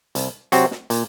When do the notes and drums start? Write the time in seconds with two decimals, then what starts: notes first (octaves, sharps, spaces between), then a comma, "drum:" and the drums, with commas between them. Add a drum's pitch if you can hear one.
0.15 C2, drum: hi-hat
0.52 C3 F#3 C4 F#4, drum: hi-hat
0.71 drum: snare
0.90 A#2, drum: hi-hat